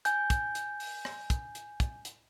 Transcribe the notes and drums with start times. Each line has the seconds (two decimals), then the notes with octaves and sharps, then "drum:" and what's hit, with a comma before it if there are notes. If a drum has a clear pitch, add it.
0.05 G#5 G6, drum: hi-hat
0.30 drum: kick, hi-hat
0.55 drum: hi-hat
0.80 drum: open hi-hat
1.05 drum: rim click
1.30 drum: kick, hi-hat
1.55 drum: hi-hat
1.80 drum: kick, hi-hat
2.05 drum: hi-hat